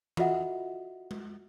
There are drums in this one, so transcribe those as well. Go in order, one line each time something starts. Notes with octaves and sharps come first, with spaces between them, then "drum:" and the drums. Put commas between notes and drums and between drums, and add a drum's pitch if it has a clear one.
F4 F#4 A4 D#5 E5 F#5, drum: tom E3
drum: tom G#3